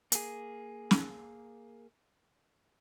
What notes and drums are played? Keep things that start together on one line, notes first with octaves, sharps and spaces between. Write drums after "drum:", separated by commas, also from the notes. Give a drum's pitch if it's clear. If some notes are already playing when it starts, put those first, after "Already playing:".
A#3 G#4, drum: hi-hat
drum: snare